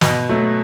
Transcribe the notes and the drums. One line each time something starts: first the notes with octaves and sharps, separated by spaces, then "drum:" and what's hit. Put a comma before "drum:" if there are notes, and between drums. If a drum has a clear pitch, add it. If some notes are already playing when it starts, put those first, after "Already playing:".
B2, drum: snare
F#3 A3